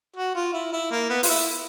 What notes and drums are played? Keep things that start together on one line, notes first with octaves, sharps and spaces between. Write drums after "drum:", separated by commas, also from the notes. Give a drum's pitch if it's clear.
F#4
F4
E4
E4
A#3
B3
F4, drum: open hi-hat
E4